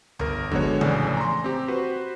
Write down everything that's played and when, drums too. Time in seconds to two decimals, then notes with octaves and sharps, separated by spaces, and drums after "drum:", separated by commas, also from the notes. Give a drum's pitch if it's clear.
0.19 G1 A#4, drum: tom C#2
0.51 D3 F#3 G#3 B3 C#5, drum: kick
0.81 A#1 A2 C#3 E3 D5 G#5, drum: tom C#3
1.17 A#5 C6
1.44 C4 G4
1.68 F#4 B4 C5